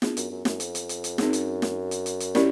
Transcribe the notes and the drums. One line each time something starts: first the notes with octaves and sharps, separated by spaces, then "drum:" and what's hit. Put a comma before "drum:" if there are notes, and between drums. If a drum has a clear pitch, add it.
B3 D4 F4 G#4, drum: snare
F#2, drum: hi-hat
F#2
F#2, drum: snare
F2, drum: hi-hat
drum: hi-hat
drum: hi-hat
drum: hi-hat
F#2 C4 D#4 G#4, drum: snare
drum: hi-hat
drum: snare
drum: hi-hat
drum: hi-hat
drum: hi-hat
C#4 E4 G4 A#4 D5, drum: snare